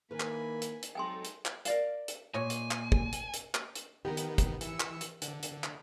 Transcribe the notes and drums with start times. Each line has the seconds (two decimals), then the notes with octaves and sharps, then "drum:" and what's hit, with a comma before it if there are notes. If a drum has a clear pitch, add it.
0.11 D#3 E3 A#3 A#4 B4 G#5 B5
0.20 drum: clap
0.62 drum: hi-hat
0.83 drum: hi-hat
0.95 F#3 G#3 C4 D#4 A4 G5 G#5 C6
1.25 drum: hi-hat
1.45 drum: clap
1.65 A#4 D5 F5, drum: hi-hat
2.08 drum: hi-hat
2.34 A#2 C#5 D#5 G#5
2.50 drum: hi-hat
2.71 drum: clap
2.92 drum: kick
3.13 drum: hi-hat
3.34 drum: hi-hat
3.55 drum: clap
3.75 drum: hi-hat
4.05 D#3 B3 G4 A#4
4.17 drum: hi-hat
4.38 drum: kick, hi-hat
4.61 E3 E6 C#7, drum: hi-hat
4.80 drum: clap
5.01 drum: hi-hat
5.22 D3, drum: hi-hat
5.43 drum: hi-hat
5.64 drum: clap